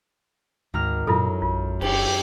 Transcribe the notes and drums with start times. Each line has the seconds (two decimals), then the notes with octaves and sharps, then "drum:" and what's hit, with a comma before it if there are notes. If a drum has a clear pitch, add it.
0.74 G#1 D2 A#5 F6
1.07 F#2 A#2 E4 F4 A4
1.42 A#1 F4
1.81 F1 G4, drum: cymbal